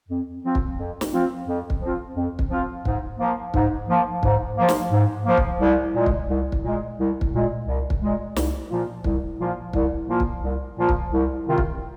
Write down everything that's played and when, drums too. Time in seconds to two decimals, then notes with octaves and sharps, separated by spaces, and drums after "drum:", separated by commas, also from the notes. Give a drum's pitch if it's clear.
0.08 F2
0.44 F3 C4 F4
0.55 drum: kick
0.78 F2
1.01 drum: snare
1.13 F3 C4 F4
1.47 F2
1.70 drum: kick
1.81 F3 C4 F4
2.16 F2
2.39 drum: kick
2.50 F3 C4 F4
2.85 G#2, drum: kick
3.19 F3 A#3
3.54 G#2, drum: kick
3.88 F3 A#3
4.23 G#2, drum: kick
4.57 F3 A#3
4.69 drum: snare
4.91 G#2
5.25 F3 A#3
5.37 drum: kick
5.60 C2
5.95 A#2 G#3
6.06 drum: kick
6.29 C2
6.52 drum: kick
6.64 A#2 G#3
6.99 C2
7.21 drum: kick
7.33 A#2 G#3
7.67 C2
7.90 drum: kick
8.02 A#2 G#3
8.36 C2, drum: snare
8.70 A#2 F3 A#3 F4
9.04 C2, drum: kick
9.40 A#2 F3 A#3 F4
9.73 C2, drum: kick
10.08 A#2 F3 A#3 F4
10.20 drum: kick
10.43 C2
10.77 A#2 F3 A#3 F4
10.89 drum: kick
11.12 C2
11.47 C3 D#3 C4 F4
11.58 drum: kick